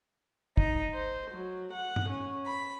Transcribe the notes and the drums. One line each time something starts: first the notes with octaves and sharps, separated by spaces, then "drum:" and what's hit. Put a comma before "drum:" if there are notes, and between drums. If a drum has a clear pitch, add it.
D#4, drum: kick
C5
F#3
F#5
drum: tom G2
C#4
B5